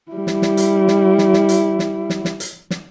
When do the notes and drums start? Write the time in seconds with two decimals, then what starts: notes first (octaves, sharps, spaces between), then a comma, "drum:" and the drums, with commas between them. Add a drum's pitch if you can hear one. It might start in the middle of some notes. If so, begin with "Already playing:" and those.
0.12 G3 E4
0.27 drum: snare
0.42 drum: snare
0.57 drum: hi-hat
0.88 drum: snare
1.18 drum: snare
1.33 drum: snare
1.49 drum: hi-hat
1.79 drum: snare
2.10 drum: snare
2.25 drum: snare
2.40 drum: hi-hat
2.70 drum: snare